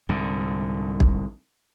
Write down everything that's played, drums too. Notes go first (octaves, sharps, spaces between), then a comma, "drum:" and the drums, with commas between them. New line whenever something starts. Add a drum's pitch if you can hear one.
C2 G#2 D3
drum: kick